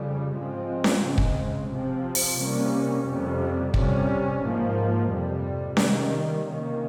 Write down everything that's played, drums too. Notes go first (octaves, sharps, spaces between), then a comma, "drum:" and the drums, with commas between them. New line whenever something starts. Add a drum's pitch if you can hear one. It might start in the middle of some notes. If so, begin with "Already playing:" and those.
Already playing: F2 C#3 G3
G#2 F3 G#3 C4
drum: snare C#4
C#3 G#3 C4
drum: kick
C3 F3 C4
drum: open hi-hat
C3 G3 A#3 C#4
F2 C3 G3
C3 G3 C#4, drum: kick
G#2 F3 A#3
F2 C3 G3
C3 D#3 G3 A#3, drum: snare C#4
C3 D#3 A#3 C#4